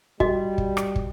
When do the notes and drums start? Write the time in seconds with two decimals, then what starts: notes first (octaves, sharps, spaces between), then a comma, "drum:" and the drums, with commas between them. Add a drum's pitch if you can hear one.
0.20 G3 F#4 D#5, drum: kick
0.58 drum: kick
0.77 drum: rim click
0.96 drum: kick